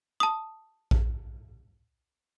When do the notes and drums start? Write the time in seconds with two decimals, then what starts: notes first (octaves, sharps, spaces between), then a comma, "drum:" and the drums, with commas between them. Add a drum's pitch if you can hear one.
0.20 A5 D#6
0.91 drum: kick A#1